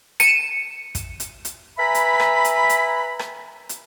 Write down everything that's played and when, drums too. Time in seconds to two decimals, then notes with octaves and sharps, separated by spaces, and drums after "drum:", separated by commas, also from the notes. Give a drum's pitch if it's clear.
0.20 C#7 D#7 E7, drum: rim click
0.95 drum: kick, hi-hat
1.20 drum: hi-hat
1.45 drum: hi-hat
1.79 B4 E5 G#5 A#5 B5
1.95 drum: hi-hat
2.20 drum: rim click
2.44 drum: hi-hat
2.69 drum: hi-hat
3.19 drum: rim click
3.69 drum: hi-hat